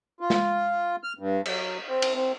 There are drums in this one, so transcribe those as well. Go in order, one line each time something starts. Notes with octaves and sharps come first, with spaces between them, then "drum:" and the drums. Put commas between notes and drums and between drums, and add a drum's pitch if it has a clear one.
F4
drum: snare
F6
G2
F#3, drum: cymbal
C4
drum: cymbal
C4